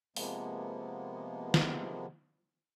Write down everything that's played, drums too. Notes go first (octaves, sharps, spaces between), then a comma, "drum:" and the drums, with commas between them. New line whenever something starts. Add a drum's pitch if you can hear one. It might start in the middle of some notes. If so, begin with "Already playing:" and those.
C3 F3 G#3 A#3 B3, drum: open hi-hat
drum: snare